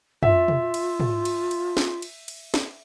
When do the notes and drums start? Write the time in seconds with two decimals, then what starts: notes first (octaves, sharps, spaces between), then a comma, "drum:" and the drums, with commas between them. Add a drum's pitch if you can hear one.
0.23 F4 E5, drum: tom
0.48 drum: tom
0.74 drum: cymbal
1.00 drum: tom
1.25 drum: cymbal
1.51 drum: cymbal
1.77 drum: snare
2.02 drum: cymbal
2.28 drum: cymbal
2.54 drum: snare